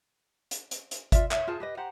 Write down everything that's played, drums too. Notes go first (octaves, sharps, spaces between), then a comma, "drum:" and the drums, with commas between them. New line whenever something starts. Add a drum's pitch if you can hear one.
drum: hi-hat
drum: hi-hat
drum: hi-hat
F4 D5 E5, drum: kick G#1, hi-hat
C#5 E5, drum: clap
F4 G#4 C5 A5
G4 B4 D#5
G4 C5 F#5 A#5